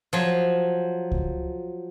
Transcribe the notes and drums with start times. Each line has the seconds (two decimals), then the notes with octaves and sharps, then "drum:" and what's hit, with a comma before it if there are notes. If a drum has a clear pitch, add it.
0.13 F3 F#3
1.12 drum: kick C#2